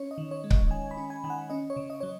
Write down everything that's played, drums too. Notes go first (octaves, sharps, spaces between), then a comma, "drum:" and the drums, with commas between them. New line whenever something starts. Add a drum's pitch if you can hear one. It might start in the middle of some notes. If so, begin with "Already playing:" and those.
Already playing: C#4 C#5
D#5
D#3
C#5
G#3
D#5, drum: kick C#1
D#3 G#5
B5
C#4
G#5
D#3 G#5
F#5
C#4 D#5
C#5
C#3
D#5
F#3 C#5